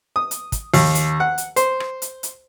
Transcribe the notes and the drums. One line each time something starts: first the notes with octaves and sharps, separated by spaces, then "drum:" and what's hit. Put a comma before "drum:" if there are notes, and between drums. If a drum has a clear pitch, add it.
D#6
drum: hi-hat
drum: kick, hi-hat
D#2, drum: open hi-hat
drum: hi-hat
F#5
drum: hi-hat
C5, drum: hi-hat
drum: rim click
drum: hi-hat
drum: hi-hat